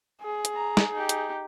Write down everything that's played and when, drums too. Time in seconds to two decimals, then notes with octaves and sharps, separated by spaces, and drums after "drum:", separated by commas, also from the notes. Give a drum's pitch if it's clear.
0.23 G#4
0.45 drum: hi-hat
0.54 A#5
0.77 drum: snare
0.93 D#4 G4
1.09 drum: hi-hat